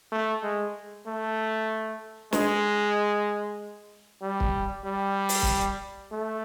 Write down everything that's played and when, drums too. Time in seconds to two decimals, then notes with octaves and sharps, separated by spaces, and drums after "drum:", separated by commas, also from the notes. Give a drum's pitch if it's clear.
0.12 A3
0.43 G#3
1.06 A3
2.33 G#3, drum: snare
4.22 G3
4.40 drum: kick
4.85 G3
5.29 drum: open hi-hat
5.42 drum: kick
6.12 A3